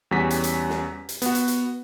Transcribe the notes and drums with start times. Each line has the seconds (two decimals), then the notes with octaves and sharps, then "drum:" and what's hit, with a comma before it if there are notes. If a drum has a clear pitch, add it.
0.11 E2 G3 C#4 F#4 G#5 B6
0.30 drum: hi-hat
0.44 drum: hi-hat
0.70 drum: snare
1.09 drum: hi-hat
1.22 B3 F#4, drum: hi-hat
1.35 drum: hi-hat
1.48 drum: hi-hat